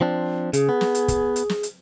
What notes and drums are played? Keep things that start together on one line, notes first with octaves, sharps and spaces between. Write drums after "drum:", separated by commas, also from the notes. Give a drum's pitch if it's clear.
F3 C4 D4
C#3 G#4, drum: hi-hat
B3
drum: snare
drum: hi-hat
drum: kick, hi-hat
drum: hi-hat
drum: snare
drum: hi-hat